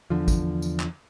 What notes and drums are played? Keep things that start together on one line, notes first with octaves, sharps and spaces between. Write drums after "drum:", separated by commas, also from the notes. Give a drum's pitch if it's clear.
E2 D3 F3
drum: kick, tambourine
drum: tambourine
drum: clap